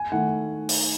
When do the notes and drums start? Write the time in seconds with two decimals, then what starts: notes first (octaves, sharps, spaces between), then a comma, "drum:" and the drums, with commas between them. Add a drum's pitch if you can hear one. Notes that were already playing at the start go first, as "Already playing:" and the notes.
Already playing: G#5
0.12 D#3 A3 E4 F#5
0.69 drum: open hi-hat